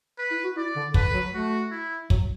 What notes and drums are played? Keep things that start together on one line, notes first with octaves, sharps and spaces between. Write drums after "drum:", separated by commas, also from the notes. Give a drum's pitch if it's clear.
B4
E4
F#4
E4 D5
D3
D3 B4, drum: kick
F#3
A3 F#4
E4
F#3, drum: kick